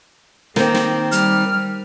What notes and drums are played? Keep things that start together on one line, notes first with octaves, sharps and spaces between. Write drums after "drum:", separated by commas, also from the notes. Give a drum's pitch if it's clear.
D#3 A#3 C4, drum: snare
drum: snare
G3 F6, drum: hi-hat